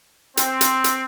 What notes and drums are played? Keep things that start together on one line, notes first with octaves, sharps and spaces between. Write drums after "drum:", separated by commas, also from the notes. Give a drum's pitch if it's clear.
C4, drum: hi-hat
drum: hi-hat
drum: hi-hat